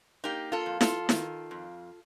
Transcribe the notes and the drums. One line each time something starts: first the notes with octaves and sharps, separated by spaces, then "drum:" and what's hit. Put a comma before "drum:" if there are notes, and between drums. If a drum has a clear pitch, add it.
A#3 D#4 G4
F4 A4
F2
F4 A4, drum: snare E4
D#3, drum: snare E4
F2